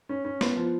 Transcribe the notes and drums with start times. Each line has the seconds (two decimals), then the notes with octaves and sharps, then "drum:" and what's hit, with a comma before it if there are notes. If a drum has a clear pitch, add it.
0.09 C#4
0.25 C#4
0.41 B3, drum: snare
0.57 F3